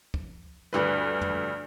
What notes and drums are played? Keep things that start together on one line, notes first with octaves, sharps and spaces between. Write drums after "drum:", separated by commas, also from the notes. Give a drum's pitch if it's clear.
drum: kick
D2 G2 B4, drum: rim click
drum: tom